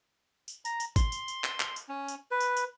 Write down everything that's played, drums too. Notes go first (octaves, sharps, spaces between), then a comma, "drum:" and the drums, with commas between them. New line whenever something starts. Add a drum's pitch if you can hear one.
drum: tambourine
A#5, drum: tambourine
drum: tambourine
C6, drum: kick G#1, tambourine
drum: tambourine
drum: tambourine
drum: clap
drum: clap
drum: tambourine
C#4
drum: tambourine
B4
drum: tambourine
drum: tambourine